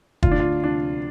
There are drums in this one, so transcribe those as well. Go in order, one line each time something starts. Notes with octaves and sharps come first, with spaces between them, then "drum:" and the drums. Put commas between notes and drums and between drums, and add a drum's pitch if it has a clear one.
D2 F4, drum: kick
D4
F4
C3 F3 D4